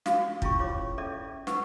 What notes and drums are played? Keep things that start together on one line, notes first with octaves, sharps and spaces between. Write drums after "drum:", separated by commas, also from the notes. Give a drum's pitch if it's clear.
F#4 F5, drum: snare
C#4 E4 F4 G#4 C#6, drum: kick
F4 C#5 D6
C#4 A4 D5 E5 D6
B4 F#5 C#6, drum: snare